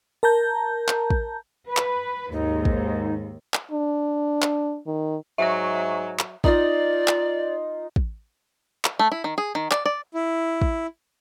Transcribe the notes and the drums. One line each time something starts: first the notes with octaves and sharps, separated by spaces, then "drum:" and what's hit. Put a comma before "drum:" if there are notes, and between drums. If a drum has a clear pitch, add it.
A#4 A5 A#5 G6
drum: clap
drum: kick
B4
drum: clap
D#2 G#2 D#4
drum: kick
drum: clap
D4
drum: clap
D#3
G#2 F#3 E5 C#6
drum: clap
D#4 F4 D5 D#5, drum: kick
drum: clap
drum: kick
drum: clap
A3
E4
D#3
G#4
D#3
D5, drum: clap
D5
E4
drum: kick